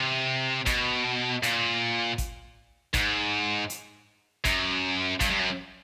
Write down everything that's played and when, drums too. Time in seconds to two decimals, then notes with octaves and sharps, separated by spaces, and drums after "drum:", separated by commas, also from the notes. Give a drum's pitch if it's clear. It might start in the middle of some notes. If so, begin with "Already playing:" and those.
Already playing: C3
0.66 B2, drum: kick G#1, hi-hat
1.43 A#2, drum: hi-hat
2.18 drum: kick G#1, hi-hat
2.94 G#2, drum: kick G#1, hi-hat
3.70 drum: hi-hat
4.45 F#2, drum: kick G#1, hi-hat
5.20 G2, drum: kick G#1, hi-hat
5.31 G2
5.40 F#2